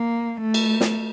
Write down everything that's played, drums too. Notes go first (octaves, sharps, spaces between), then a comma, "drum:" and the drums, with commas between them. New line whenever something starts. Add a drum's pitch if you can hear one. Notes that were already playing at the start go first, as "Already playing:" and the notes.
Already playing: A#3
A3
drum: cymbal
drum: snare